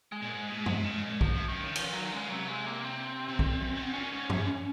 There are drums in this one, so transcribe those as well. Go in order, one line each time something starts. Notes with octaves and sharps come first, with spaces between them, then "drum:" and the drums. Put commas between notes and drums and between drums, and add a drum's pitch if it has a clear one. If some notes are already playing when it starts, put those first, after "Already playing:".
G#3
A#2
G#2
A#2
C3, drum: tom G2
C#3
A#2
G#2 F3, drum: kick
F#2
F#2 D#3
C#3
F3, drum: cymbal
D#3 F#3
C#3 G#3
C3 F#3
G#3
A#3
C4
C3
A#2, drum: kick
F#2
G#2
A#2 C#4
G#2
F#2, drum: tom G2